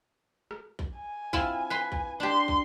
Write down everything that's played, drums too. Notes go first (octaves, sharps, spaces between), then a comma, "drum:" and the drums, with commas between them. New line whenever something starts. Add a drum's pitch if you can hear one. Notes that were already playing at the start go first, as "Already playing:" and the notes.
drum: rim click
drum: kick
G#5
C4 E4 F4, drum: kick
B4 C6
drum: kick
D4 G4 C6
drum: kick